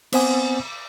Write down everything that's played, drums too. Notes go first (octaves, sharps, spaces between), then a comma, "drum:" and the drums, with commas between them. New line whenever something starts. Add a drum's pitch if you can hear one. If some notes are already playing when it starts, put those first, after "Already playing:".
B3 C4 C5 F#5 G#5 D#6, drum: cymbal